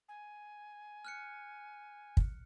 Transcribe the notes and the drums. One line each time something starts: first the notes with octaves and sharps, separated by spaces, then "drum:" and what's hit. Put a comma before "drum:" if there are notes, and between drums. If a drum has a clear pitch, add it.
G#5
F6 F#6 C#7
drum: kick